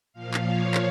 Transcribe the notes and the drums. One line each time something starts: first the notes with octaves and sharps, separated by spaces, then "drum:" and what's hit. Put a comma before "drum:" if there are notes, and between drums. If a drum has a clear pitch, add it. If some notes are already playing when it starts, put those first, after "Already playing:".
A#2 F3 F5
drum: clap
C#5
drum: clap